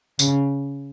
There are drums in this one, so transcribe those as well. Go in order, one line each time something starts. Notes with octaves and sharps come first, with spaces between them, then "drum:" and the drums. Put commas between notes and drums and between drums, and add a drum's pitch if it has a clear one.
C#3, drum: tambourine